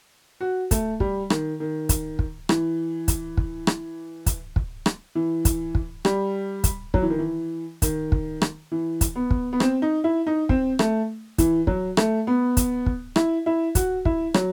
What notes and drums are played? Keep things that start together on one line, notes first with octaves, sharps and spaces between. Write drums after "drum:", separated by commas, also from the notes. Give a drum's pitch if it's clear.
F#4
A3, drum: kick, hi-hat
G3, drum: kick
D#3, drum: rim click
D#3
drum: kick, hi-hat
drum: kick
E3, drum: rim click
drum: kick, hi-hat
drum: kick
drum: rim click
drum: kick, hi-hat
drum: kick
drum: rim click
E3
drum: kick, hi-hat
drum: kick
G3, drum: rim click
drum: kick, hi-hat
F#3, drum: kick
E3
D#3
E3
D#3, drum: kick, hi-hat
drum: kick
drum: rim click
E3
drum: kick, hi-hat
B3
drum: kick
B3
C4, drum: rim click
D#4
E4
D#4
C4, drum: kick
A3, drum: rim click
E3, drum: kick, hi-hat
F#3, drum: kick
A3, drum: rim click
B3
drum: kick, hi-hat
drum: kick
E4, drum: rim click
E4
F#4, drum: kick, hi-hat
E4, drum: kick
F#3, drum: rim click